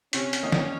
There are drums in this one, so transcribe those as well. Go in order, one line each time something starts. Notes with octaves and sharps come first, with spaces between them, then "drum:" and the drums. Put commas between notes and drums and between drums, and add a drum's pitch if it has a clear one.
C3 C#4, drum: hi-hat
drum: hi-hat
D#3 A#3 D#4
drum: snare